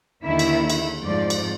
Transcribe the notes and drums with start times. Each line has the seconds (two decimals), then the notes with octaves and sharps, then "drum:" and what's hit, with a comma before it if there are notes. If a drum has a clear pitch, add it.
0.24 D#2 D3 D#3 E4 E5
0.39 drum: cymbal
0.70 drum: cymbal
1.03 F2 G#2 F3 D5
1.30 drum: cymbal